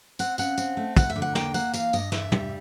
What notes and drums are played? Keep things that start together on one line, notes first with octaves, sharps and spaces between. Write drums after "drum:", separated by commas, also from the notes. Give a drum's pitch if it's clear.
C4 F#5, drum: tambourine
C#3 F#5, drum: tambourine
C4, drum: tambourine
A3
F2 F#5, drum: kick, tambourine
E5
D3
F#5
A#3 G5, drum: snare
A#3 F#5, drum: tambourine
E3 F5, drum: tambourine
G2 D#5, drum: tambourine
G2 E5, drum: snare
G3, drum: tom